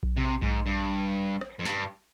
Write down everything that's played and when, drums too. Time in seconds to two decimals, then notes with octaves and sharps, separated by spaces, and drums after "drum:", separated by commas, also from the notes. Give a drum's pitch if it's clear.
0.03 drum: kick A#1
0.17 C3
0.42 G#2, drum: kick A#1
0.66 G2
1.41 drum: rim click
1.59 F2
1.65 G2, drum: snare